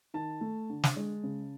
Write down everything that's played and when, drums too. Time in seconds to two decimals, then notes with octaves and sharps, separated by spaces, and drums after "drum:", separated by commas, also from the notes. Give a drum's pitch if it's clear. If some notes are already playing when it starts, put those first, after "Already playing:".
0.14 D#3 A5
0.41 A3
0.70 D3
0.84 drum: snare
0.96 G#3
1.23 C#3